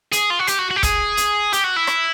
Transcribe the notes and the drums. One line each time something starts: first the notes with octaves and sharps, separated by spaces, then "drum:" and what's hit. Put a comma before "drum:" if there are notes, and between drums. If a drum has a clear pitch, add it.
G#4, drum: hi-hat
F4
F#4
G4, drum: hi-hat
F#4
F#4
G4
G#4, drum: kick, hi-hat
drum: hi-hat
G4, drum: hi-hat
F#4
E4
drum: rim click